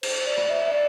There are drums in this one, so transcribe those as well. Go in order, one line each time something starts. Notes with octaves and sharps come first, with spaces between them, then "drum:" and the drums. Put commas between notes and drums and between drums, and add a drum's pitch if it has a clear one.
C5, drum: cymbal
D5
drum: rim click
E5
D5